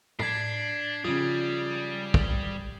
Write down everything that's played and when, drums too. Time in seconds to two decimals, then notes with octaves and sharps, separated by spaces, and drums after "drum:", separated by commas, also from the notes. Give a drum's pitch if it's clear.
0.19 D4 G#6 B6 C7, drum: tom A2
1.04 C#3 F3 G3 D#6 G#6
2.14 drum: kick